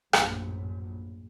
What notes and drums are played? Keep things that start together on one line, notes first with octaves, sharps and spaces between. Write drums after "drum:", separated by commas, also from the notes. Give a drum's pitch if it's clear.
A#1 F#2 A2, drum: rim click